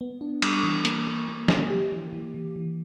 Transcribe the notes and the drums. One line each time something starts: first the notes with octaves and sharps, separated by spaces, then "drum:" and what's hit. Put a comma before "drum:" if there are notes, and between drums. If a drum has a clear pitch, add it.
B3
D4
G3, drum: cymbal
E3
A#3, drum: hi-hat
A#3
A#3
A#3, drum: snare
G4
E3
E3
E3
E3